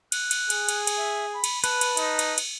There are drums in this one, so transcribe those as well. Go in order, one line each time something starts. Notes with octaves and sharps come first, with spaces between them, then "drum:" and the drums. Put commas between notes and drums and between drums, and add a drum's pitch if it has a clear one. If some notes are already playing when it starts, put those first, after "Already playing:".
F#6, drum: cymbal
drum: cymbal
G#4, drum: cymbal
drum: cymbal
drum: cymbal
E5
B5
drum: cymbal
B4 A5, drum: cymbal
drum: cymbal
D#4, drum: cymbal
drum: cymbal
drum: cymbal